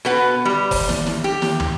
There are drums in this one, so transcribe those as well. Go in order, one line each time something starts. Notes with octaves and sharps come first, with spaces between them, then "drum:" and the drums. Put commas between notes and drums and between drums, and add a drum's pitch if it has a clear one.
B2 B4 F#5
G3
drum: kick F#1, open hi-hat
drum: snare
drum: snare
G4
drum: snare
drum: tom